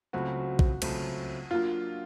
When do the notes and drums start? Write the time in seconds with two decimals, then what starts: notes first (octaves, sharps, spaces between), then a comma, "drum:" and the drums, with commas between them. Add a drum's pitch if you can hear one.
0.13 C#2 C#3 F#3 A3 C4 F#4
0.59 drum: kick
0.82 C#2 C#3 F#3 A3 C4, drum: cymbal
1.50 F#3 A#3 D4 F4